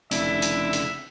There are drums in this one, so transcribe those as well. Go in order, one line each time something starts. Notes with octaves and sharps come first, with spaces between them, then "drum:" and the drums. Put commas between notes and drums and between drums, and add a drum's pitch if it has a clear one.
F1 C#3 D4 E4 E5, drum: hi-hat
drum: hi-hat
drum: hi-hat